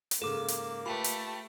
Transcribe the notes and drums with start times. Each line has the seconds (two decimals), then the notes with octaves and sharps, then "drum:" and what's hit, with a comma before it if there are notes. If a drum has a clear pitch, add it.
0.11 drum: hi-hat
0.22 G#2 C#3 A#3 A4 D6
0.48 drum: hi-hat
0.86 A3 F4 G4 B4 B5
1.04 drum: hi-hat